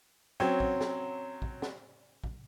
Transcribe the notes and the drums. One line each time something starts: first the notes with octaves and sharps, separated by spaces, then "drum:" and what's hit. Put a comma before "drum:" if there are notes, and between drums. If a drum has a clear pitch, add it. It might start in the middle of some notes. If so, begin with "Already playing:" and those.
F#3 C4 C#4
drum: kick
drum: snare
drum: kick
drum: snare
drum: kick